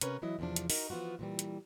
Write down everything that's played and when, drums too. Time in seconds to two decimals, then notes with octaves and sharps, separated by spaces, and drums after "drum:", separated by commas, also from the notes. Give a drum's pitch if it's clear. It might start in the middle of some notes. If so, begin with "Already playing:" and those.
0.01 C3 C#4 A#4 B4 C#5, drum: hi-hat
0.22 E3 F#3 E4 D#5
0.39 E2 C3 E3 F3 D4
0.56 drum: hi-hat
0.70 D#4 F#4 A#4, drum: open hi-hat
0.90 E3 F3 B3 F4 F#4
1.19 A#2 E3 G3
1.39 drum: hi-hat